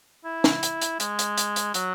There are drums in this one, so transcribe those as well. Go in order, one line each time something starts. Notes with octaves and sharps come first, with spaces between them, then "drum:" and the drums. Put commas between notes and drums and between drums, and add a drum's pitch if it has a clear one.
E4
drum: snare
drum: hi-hat
drum: hi-hat
G#3, drum: hi-hat
drum: hi-hat
drum: hi-hat
drum: hi-hat
F#3, drum: hi-hat